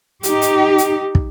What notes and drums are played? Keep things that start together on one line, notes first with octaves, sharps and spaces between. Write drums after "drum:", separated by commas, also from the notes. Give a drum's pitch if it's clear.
D#4 G4, drum: hi-hat
drum: hi-hat
drum: hi-hat
drum: kick